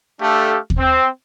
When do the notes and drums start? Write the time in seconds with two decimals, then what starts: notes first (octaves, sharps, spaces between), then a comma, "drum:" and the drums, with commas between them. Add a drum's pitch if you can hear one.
0.21 A3 D4 G4 A4 F5
0.70 drum: kick D#2
0.79 C4